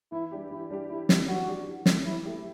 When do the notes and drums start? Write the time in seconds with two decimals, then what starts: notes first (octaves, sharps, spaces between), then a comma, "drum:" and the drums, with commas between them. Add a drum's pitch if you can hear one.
0.12 E3 E4
0.31 G3 D4 G4
0.51 E3 E4
0.70 G3 D4 G4
0.89 E3 E4
1.09 G3 D4 G4, drum: snare
1.28 E3 F#4
1.48 G3 D4 G4
1.67 E3
1.86 A3 E4 G4, drum: snare
2.05 E3 E4
2.25 A3 E4 G4